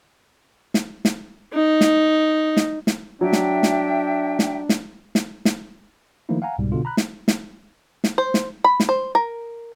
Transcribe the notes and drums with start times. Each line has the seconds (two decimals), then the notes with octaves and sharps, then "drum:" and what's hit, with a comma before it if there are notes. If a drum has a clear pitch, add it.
0.74 drum: snare
1.05 drum: snare
1.54 D#4
1.81 drum: snare
2.57 drum: snare
2.87 drum: snare
3.21 F#3 D4 E5 G5
3.33 drum: snare
3.63 drum: snare
4.39 drum: snare
4.69 drum: snare
5.15 drum: snare
5.45 drum: snare
6.29 D#3 F3 A3 A#3 D#4 E4
6.42 F5 F#5 G#5 A#5
6.59 C2 G#2 B2 G3
6.72 B2 D3 F4
6.85 A#5 B5 F#6
6.97 drum: snare
7.28 drum: snare
8.04 drum: snare
8.18 C5
8.34 drum: snare
8.64 B5
8.80 drum: snare
8.89 C5
9.15 A#4